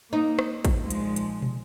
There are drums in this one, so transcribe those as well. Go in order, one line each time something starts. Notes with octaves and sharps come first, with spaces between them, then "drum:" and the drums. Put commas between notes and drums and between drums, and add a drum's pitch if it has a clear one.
A#3 D#4
drum: rim click
drum: kick, hi-hat
A#2 F3 G#3
drum: hi-hat
drum: hi-hat
drum: tom